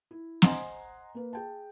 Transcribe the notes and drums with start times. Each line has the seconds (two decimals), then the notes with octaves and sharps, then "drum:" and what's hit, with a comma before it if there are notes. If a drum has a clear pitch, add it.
0.11 E4
0.42 C5 D#5 F#5 G#5 A#5 C6, drum: snare
1.15 A#3 B4
1.33 G#4 G5 A5